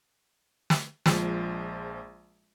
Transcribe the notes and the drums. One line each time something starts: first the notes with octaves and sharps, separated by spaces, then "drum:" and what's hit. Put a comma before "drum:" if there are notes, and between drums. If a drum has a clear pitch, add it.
drum: snare
A#1 F3 G#3, drum: snare